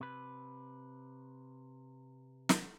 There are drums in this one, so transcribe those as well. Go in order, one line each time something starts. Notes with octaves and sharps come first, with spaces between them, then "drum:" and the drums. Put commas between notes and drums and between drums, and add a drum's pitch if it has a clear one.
C3 B4
drum: snare